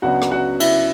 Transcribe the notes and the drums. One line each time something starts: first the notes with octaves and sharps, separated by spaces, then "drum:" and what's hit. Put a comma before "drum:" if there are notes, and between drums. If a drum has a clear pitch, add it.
C#2 C#3 F#3 B3 D4 F#4 F#5
drum: rim click
F#4 F#5
E4 E5, drum: cymbal